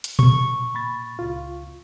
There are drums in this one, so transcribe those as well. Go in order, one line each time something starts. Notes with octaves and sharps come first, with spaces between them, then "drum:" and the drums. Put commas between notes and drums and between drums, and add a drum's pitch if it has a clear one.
drum: hi-hat
C#6, drum: tom A#2
A#2 B5 A6
C#2 F4